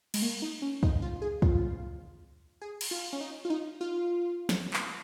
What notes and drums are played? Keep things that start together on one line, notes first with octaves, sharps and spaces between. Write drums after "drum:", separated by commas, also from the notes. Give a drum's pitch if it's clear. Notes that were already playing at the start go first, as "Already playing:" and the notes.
G#3, drum: cymbal
A#3
D#4
C#4
D#4, drum: kick
F4
G#4
F4, drum: kick
G#4
drum: cymbal
F4
C#4
D#4
F4
D#4
F4
drum: snare
drum: clap